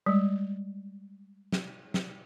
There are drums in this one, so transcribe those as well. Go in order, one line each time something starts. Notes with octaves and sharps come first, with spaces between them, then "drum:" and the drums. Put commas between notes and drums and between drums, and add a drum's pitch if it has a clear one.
G3 G#3
drum: snare
drum: snare